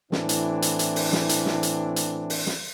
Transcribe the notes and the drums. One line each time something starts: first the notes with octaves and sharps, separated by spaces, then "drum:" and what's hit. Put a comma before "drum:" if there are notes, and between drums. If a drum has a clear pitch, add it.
A2 E3 C4 D4, drum: snare
drum: hi-hat
drum: hi-hat
drum: hi-hat
drum: open hi-hat
drum: snare
drum: hi-hat
drum: snare
drum: hi-hat
drum: hi-hat
drum: open hi-hat
drum: snare